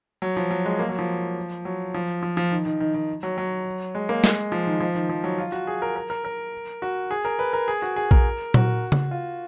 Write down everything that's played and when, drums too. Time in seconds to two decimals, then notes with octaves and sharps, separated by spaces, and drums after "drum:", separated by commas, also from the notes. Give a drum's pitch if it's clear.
0.22 F#3
0.37 F3
0.51 F#3
0.66 G#3
0.79 A#3
0.89 F#3
0.99 F3
1.65 F#3
1.94 F3
2.22 F3
2.37 F3
2.51 D#3
2.66 D#3
2.80 D#3
2.94 D#3
3.23 F#3
3.38 F#3
3.95 G#3
4.09 A#3
4.24 G#3, drum: snare
4.52 F3
4.67 D#3
4.80 F3
4.95 D#3
5.09 F3
5.24 F#3
5.38 F4
5.52 F#4
5.67 G#4
5.82 A#4
5.96 A#4
6.10 A#4
6.25 A#4
6.82 F#4
7.11 G#4
7.25 A#4
7.39 B4
7.53 A#4
7.68 G#4
7.82 F#4
7.96 G#4
8.11 A#4, drum: kick A#1
8.54 F#4, drum: tom A#2
8.92 drum: tom C#3
9.11 F4